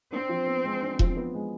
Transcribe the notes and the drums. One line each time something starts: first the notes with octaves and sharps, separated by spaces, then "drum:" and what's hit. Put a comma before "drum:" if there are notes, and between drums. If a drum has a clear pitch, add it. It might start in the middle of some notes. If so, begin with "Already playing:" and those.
C4 D4
F3
B3
G#3
D4
F3, drum: kick E1
B3
G#3